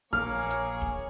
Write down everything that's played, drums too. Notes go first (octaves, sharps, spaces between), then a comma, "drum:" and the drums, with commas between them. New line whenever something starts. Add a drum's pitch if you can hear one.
A#1 A#3 G#4 C#5 F6
drum: hi-hat
drum: kick